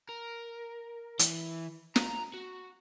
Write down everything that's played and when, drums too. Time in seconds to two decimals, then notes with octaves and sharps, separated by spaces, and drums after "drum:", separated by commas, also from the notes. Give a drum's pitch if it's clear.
0.09 A#4
1.19 E3, drum: hi-hat
1.96 A#5, drum: snare
2.34 F#4